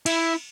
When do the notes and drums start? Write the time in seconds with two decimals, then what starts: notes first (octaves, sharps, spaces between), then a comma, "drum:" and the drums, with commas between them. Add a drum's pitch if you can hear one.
0.06 E4, drum: cymbal